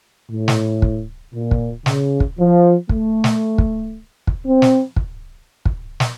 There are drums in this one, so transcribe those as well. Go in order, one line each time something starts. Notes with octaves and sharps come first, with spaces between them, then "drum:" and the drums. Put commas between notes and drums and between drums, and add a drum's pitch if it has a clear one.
A2
drum: snare
drum: kick
A#2
drum: kick
C#3, drum: snare
drum: kick
F3
A3, drum: kick
drum: snare
drum: kick
drum: kick
C4
drum: snare
drum: kick
drum: kick
drum: snare